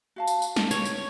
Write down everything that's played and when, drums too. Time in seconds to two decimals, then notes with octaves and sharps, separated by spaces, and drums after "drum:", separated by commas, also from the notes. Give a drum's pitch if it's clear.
0.16 F#4 F5 A5
0.27 drum: tambourine
0.42 drum: tambourine
0.56 drum: snare
0.71 C#5, drum: tambourine
0.85 drum: tambourine